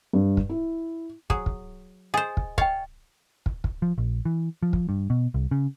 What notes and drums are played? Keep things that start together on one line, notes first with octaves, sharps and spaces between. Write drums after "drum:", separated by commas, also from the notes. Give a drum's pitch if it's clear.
G2
drum: kick
E4
F#3 G#4, drum: kick
drum: kick
G#4 C5 D#5 G#5
drum: kick
C#5 D#5 F5 G5, drum: kick
drum: kick
drum: kick
F3
A#1
E3
F3
drum: kick
G2
B2
C2
C#3